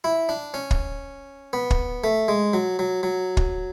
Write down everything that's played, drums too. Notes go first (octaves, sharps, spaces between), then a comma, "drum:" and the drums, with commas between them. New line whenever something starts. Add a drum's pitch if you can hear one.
E4
D4
C#4
drum: kick
B3
drum: kick
A3
G#3
F#3
F#3
F#3
drum: kick